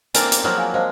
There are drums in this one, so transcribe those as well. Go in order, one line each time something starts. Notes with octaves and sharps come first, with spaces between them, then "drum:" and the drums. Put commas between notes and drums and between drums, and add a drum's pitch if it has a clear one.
A#3 C4 D#4 A#4 D5 G#5, drum: hi-hat
drum: hi-hat
F3 F#3 A#3 A#4 D#5 D6
G#4 F5 G#5
G#3 C5 F5 A5